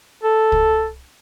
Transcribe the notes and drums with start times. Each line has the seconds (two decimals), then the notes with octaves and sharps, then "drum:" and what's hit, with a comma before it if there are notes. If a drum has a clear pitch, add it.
0.23 A4
0.52 drum: kick